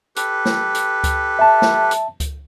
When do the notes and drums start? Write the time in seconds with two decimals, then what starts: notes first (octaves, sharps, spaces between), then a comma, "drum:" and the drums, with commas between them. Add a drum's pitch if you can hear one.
0.16 G4 A4 B4, drum: hi-hat
0.45 drum: snare
0.75 drum: hi-hat
1.04 drum: kick C#2, hi-hat
1.39 E5 A5
1.62 drum: snare
1.91 drum: hi-hat
2.20 drum: kick C#2, hi-hat